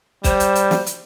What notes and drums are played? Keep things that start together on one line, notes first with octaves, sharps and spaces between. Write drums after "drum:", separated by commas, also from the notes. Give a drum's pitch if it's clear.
G3 C5, drum: kick, hi-hat
drum: hi-hat
drum: hi-hat
drum: snare
drum: hi-hat